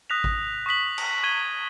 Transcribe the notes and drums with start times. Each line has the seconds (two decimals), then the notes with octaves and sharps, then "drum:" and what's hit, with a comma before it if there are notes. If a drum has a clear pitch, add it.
0.10 D#6 F#6 A#6 B6 F7
0.24 drum: kick G#1
0.66 C#6 D#6 B6 F#7
0.98 drum: cymbal
1.23 C#6 G#6 D#7 G7